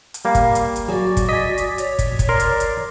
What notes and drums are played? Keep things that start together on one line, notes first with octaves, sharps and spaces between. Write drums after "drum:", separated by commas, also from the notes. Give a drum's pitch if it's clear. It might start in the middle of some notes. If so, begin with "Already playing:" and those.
drum: hi-hat
G3 A#3 F5
drum: kick, hi-hat
drum: hi-hat
drum: hi-hat
F#3 F#4 G#4 D5
drum: kick, hi-hat
D#5 G#5 B6
drum: hi-hat
C#5, drum: hi-hat
drum: kick, hi-hat
drum: kick, hi-hat
A#4 D5 C6
drum: hi-hat
drum: hi-hat